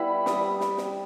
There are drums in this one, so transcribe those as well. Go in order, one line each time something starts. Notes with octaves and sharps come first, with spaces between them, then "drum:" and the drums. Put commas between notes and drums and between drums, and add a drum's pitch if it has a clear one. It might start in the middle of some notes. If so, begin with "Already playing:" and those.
Already playing: G3 B3 E4 B5
G3 D#6, drum: snare
drum: snare
drum: snare